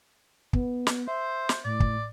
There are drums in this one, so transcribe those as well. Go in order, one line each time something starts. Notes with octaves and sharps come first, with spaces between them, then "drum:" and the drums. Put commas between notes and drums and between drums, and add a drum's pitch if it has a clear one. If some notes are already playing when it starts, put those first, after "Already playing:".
B3, drum: kick
drum: snare
C5 E5
drum: snare
A2 D5
drum: kick